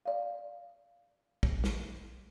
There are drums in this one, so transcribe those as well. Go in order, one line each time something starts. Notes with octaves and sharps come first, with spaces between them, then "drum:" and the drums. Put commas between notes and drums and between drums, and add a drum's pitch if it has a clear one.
D5 F5
drum: kick
drum: snare